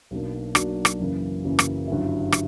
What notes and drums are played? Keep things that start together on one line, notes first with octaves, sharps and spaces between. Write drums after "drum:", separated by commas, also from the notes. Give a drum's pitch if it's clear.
B1 B2 F#3 A#3 D4
B1 B2 F#3 A#3 D4, drum: rim click
drum: rim click
F#1 F#2 C#3 E3 A#3
F#1 F#2 C#3 E3 A#3
drum: rim click
G1 G2 F#3 C#4 E4
drum: rim click